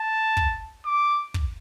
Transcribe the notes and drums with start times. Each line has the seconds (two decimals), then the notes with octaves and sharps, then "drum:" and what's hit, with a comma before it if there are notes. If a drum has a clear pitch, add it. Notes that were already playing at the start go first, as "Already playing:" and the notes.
Already playing: A5
0.37 drum: kick
0.86 D6
1.34 drum: kick